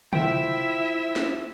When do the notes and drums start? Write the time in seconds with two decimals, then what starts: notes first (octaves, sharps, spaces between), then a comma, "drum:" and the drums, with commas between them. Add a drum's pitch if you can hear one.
0.13 E4 F4 C5 E5 G5, drum: tom C3
1.16 drum: snare